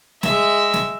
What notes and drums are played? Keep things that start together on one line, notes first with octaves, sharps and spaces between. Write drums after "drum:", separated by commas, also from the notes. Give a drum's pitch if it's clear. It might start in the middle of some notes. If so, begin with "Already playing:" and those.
G#3 E5, drum: snare
drum: snare